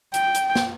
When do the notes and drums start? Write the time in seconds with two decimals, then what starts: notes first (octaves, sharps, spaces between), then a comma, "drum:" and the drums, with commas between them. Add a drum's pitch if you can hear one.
0.14 G5, drum: hi-hat
0.35 drum: hi-hat
0.55 drum: snare